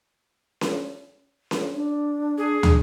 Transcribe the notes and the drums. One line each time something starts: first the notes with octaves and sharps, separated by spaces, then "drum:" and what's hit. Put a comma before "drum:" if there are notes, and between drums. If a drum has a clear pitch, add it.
drum: snare C#4
drum: snare C#4
D4
G#4
drum: tom